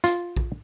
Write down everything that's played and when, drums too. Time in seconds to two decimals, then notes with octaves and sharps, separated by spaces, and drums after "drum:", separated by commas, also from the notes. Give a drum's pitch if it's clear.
0.04 F4, drum: hi-hat
0.36 drum: kick A#1